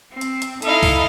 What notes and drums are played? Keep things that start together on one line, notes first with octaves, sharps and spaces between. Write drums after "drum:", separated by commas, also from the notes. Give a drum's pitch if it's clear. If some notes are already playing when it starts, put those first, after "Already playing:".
C4
drum: hi-hat
drum: hi-hat
D#4 E4 A4 D#5 F5, drum: hi-hat
drum: kick C2, open hi-hat